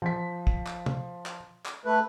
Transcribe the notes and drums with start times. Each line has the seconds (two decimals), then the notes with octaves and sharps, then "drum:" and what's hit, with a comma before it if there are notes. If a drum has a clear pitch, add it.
0.02 F3 B6
0.47 drum: kick
0.67 drum: clap
0.86 drum: tom
1.26 drum: clap
1.66 drum: clap
1.85 A3 B4